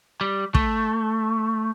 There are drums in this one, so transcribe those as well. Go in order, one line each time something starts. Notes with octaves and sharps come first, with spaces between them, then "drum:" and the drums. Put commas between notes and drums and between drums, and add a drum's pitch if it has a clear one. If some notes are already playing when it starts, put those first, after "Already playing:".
G3
A3, drum: kick